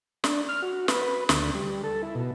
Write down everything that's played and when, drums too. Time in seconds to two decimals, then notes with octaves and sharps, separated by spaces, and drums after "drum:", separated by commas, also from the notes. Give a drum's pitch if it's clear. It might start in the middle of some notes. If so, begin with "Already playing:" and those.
0.24 D4, drum: snare
0.49 F6
0.62 F#4
0.88 B4, drum: snare
1.02 B4
1.29 D2, drum: snare
1.54 G3
1.84 A4
2.03 E4
2.15 B2